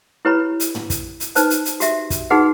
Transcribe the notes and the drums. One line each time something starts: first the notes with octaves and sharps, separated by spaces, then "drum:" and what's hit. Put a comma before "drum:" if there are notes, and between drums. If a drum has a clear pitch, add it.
E4 G4 B4 C#5 A#5 B5
drum: hi-hat
drum: tom
drum: kick, hi-hat
drum: hi-hat
D#4 B4 C5 A5, drum: hi-hat
drum: hi-hat
drum: hi-hat
F#4 G4 E5, drum: hi-hat
drum: kick, hi-hat
D#4 F#4 G#4 B4 F#5